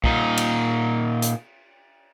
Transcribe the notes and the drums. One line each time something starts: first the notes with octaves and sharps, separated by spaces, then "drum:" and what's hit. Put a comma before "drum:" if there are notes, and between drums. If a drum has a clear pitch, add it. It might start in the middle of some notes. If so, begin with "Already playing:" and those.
A#2 D#4, drum: kick
drum: cymbal
drum: hi-hat